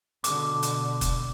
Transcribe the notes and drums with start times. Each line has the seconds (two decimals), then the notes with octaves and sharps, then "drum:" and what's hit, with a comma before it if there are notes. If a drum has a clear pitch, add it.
0.24 B2 D3 D6, drum: hi-hat
0.63 drum: hi-hat
1.01 drum: kick, hi-hat